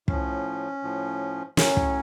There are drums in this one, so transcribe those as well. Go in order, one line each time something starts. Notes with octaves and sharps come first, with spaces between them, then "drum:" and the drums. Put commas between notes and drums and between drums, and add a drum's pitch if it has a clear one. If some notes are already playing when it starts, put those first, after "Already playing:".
A2 F3 C#4, drum: kick
A2 F3
A2 F#3 C#4, drum: snare
drum: kick